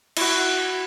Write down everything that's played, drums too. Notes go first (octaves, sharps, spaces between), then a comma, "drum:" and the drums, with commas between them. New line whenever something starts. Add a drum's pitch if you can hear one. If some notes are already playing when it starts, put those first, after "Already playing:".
E4 F#4, drum: cymbal